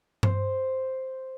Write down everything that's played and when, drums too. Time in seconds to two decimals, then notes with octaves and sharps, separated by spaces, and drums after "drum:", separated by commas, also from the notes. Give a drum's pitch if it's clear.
0.23 C5, drum: tom G2